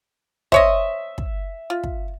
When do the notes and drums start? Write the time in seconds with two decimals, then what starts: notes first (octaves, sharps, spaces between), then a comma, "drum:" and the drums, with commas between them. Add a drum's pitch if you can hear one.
0.52 C5 C#5 D#5 E5, drum: kick
1.18 drum: kick
1.70 F4
1.83 drum: kick